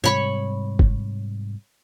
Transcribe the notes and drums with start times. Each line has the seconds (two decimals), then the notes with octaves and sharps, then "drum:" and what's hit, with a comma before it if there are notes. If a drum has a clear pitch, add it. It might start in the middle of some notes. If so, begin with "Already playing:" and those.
0.04 G#2 C3 G3 C#5 B5 C#6
0.79 drum: kick